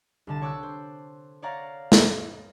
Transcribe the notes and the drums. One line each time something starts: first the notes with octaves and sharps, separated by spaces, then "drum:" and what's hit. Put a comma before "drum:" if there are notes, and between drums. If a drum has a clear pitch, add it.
C2 D3 A5
C#5 F#5 C#6 D6 E6 F#6
C5
C#5 D5 F5 F#5 A#5
drum: snare